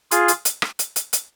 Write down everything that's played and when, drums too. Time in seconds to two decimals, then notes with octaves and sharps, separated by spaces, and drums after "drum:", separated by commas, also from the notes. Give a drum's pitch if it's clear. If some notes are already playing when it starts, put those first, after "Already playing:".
0.11 F4 G#4, drum: hi-hat
0.28 drum: hi-hat
0.45 drum: hi-hat
0.62 drum: rim click
0.79 drum: hi-hat
0.96 drum: hi-hat
1.13 drum: hi-hat